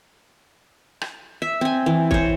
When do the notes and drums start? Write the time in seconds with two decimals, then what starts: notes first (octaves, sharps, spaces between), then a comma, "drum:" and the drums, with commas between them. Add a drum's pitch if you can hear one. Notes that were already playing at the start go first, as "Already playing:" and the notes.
1.01 drum: rim click
1.42 E5
1.61 C4 G#5
1.86 E3
2.11 C5 C#5, drum: kick